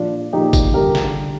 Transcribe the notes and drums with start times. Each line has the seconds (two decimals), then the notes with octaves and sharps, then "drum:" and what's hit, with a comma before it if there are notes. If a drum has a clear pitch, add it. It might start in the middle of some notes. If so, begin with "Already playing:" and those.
Already playing: A#2 F3 D4 F4
0.33 A#2 F3 D#4 G4
0.53 drum: kick, tambourine
0.73 D3 G3 G4 A#4
0.95 drum: snare